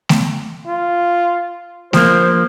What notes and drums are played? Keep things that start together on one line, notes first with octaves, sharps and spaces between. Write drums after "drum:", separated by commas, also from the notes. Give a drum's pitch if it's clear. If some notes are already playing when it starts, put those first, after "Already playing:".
drum: snare A3
F4
F3 A#3 C5, drum: snare A3